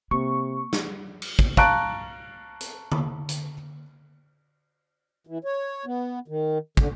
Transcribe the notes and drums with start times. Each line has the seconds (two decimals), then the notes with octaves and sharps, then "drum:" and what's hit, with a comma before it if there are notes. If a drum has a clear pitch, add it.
0.11 C3 A#3 C#6
0.73 drum: snare
1.22 drum: cymbal
1.39 drum: kick
1.57 F5 A5 A#5 C#6 F#6 D7, drum: kick
2.61 drum: hi-hat
2.92 drum: tom D3
3.29 drum: hi-hat
5.27 E3
5.44 C#5
5.86 B3
6.28 D#3
6.77 D3, drum: kick